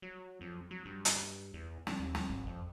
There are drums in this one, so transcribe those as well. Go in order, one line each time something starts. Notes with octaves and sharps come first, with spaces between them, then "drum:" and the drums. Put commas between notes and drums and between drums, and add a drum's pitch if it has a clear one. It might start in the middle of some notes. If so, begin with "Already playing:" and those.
F#3
F2
F#3
G2
drum: hi-hat
E2
D4, drum: snare
D#2
drum: snare
G#1
F2